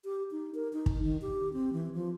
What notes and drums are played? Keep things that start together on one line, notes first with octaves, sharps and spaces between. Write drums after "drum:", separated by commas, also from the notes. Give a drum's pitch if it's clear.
G4
D#4
A#4
D#4
drum: kick
D#3
G4
C4
E3
F3